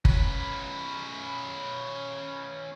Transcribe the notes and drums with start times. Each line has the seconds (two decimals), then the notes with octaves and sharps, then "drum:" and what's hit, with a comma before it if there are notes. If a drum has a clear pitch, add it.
0.05 C#4 B4, drum: kick